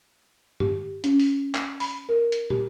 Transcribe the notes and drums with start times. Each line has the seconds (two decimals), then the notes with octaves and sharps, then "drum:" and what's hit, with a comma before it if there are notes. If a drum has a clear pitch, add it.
0.60 G4, drum: tom G2
1.04 C#4, drum: hi-hat
1.20 drum: open hi-hat
1.55 drum: clap
1.80 B5, drum: open hi-hat
2.09 A#4
2.32 drum: hi-hat
2.50 G4, drum: tom